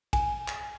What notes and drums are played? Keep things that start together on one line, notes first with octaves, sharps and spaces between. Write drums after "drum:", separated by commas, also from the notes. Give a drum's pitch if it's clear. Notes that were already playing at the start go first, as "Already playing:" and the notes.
G#5, drum: kick A1, cymbal
drum: clap